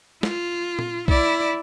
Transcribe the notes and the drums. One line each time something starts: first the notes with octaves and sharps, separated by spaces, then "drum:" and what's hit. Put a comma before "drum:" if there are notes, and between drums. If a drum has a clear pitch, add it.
F4, drum: snare
drum: tom
E4 D5, drum: kick B1